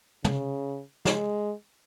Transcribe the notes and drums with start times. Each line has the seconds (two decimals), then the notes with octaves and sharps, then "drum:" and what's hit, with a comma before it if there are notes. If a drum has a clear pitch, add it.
0.24 C#3, drum: tom
1.05 G#3, drum: snare